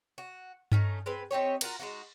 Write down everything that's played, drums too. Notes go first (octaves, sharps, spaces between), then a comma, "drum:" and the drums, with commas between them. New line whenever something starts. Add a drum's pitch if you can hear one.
F#4
A3 C#4 D#4, drum: tom G2
G#3 C4 B4
C4 D#4 G4 C#5
F4 F#4 A#4 A#5, drum: cymbal
G#3 A#3 D#4 F#4